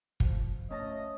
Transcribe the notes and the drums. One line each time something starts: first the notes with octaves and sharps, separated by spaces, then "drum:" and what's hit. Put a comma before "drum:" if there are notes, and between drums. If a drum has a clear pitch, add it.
F3, drum: kick
A3 C#4 D#5 A5 A#6